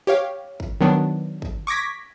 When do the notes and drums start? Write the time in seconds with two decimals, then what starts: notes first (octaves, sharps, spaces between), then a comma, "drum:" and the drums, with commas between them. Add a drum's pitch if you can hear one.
0.07 G4 C#5 F5
0.60 drum: kick
0.80 D#3 F#3 B3 D4
1.42 drum: kick
1.67 C#6 D6 G#6 A#6 B6